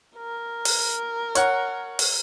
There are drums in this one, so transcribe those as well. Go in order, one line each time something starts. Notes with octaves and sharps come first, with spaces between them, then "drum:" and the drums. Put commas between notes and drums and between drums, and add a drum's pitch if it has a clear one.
A#4
drum: open hi-hat
C#5 F#5, drum: hi-hat
drum: open hi-hat